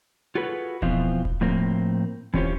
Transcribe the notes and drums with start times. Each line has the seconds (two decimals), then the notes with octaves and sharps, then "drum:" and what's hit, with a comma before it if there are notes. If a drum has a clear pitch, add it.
0.35 F4 F#4 G#4 A4 B4
0.82 B2 E3 F3 C4 F4, drum: kick D#1
1.25 drum: kick D#1
1.41 A2 F3 A#3 C4 A#4
2.34 E3 C4 C#4 F4 G4 C5, drum: kick D#1